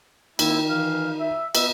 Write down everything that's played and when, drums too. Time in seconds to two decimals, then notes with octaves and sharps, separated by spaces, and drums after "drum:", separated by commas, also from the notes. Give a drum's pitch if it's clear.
0.39 D#3 A#3 C4 E4, drum: cymbal
0.69 E3 F5
1.20 E5
1.55 B3 D#5 E5, drum: cymbal